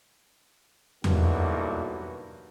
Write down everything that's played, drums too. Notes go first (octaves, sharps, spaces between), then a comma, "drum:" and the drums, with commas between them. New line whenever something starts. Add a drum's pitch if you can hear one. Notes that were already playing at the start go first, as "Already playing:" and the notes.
B1 G2 E3 A#3 F#4, drum: tom E2